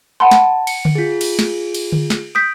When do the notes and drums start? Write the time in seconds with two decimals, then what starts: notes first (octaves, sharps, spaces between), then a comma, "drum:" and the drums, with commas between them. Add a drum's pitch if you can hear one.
0.20 F#5 A5 B5 C6
0.31 drum: snare
0.67 C#7, drum: cymbal
0.85 drum: tom D3
0.95 F4 G#4
1.21 drum: cymbal
1.39 drum: snare
1.74 drum: cymbal
1.92 drum: tom D3
2.10 drum: snare
2.35 D#6 G6 B6 D7